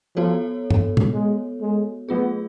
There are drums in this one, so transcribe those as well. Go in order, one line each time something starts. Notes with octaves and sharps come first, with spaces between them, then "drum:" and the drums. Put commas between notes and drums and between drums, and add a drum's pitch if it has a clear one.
F3 B3 F#4 A4 C#5
drum: tom
drum: tom
G#3
G#3
F#3 A3 B3 F4 G#4